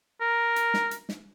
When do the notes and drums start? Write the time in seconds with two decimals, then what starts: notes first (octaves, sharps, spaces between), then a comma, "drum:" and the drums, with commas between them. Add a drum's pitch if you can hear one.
0.21 A#4
0.56 drum: hi-hat
0.74 drum: snare
0.91 drum: hi-hat
1.09 drum: snare